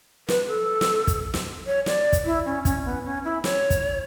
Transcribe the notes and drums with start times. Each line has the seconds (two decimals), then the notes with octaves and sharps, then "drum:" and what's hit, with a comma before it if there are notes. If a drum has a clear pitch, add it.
0.28 B4, drum: snare
0.48 A4
0.81 drum: snare
1.07 drum: kick, hi-hat
1.34 drum: snare
1.67 C#5
1.86 D5, drum: snare
2.13 drum: kick, hi-hat
2.25 E4
2.45 C#4
2.65 C#4, drum: kick, hi-hat
2.85 B3
3.05 C#4
3.25 E4
3.44 C#5, drum: snare
3.70 drum: kick, hi-hat